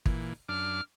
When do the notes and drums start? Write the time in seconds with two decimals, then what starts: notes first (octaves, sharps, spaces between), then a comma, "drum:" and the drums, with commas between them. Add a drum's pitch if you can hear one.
0.06 A#2 E3, drum: kick
0.49 F#2 D4 D6 F6